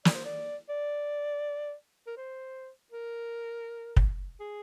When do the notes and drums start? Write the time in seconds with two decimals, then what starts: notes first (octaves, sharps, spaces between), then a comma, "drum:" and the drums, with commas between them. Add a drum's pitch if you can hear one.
0.05 D5, drum: snare
0.14 C5
0.25 D5
0.69 D5
2.07 A#4
2.17 C5
2.92 A#4
3.96 drum: kick
4.40 G#4